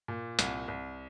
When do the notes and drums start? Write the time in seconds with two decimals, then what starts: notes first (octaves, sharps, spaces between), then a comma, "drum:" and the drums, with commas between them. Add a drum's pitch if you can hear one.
0.08 A#2
0.39 C2, drum: hi-hat
0.68 C2